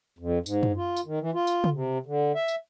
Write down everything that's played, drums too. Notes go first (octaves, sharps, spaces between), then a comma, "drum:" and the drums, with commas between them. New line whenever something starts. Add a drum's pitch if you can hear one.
F2
G#2, drum: tambourine
drum: tom
F4
drum: tambourine
D#3
E3
F4
drum: tambourine
drum: tom C#3
C3
D3
E5
drum: tambourine